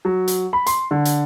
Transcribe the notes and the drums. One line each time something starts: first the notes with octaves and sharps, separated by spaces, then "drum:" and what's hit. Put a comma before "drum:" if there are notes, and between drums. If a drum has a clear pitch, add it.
F#3
drum: hi-hat
B5
C6, drum: hi-hat
D3
drum: hi-hat